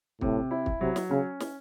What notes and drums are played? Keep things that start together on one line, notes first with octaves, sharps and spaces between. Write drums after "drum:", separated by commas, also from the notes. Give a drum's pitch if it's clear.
A2 C3, drum: kick
E4
drum: kick
C3 F#3
drum: snare
C#3 C#4
drum: snare